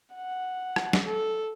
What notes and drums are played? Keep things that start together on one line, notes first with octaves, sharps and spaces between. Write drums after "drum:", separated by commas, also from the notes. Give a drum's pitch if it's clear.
F#5
drum: rim click
drum: snare
A4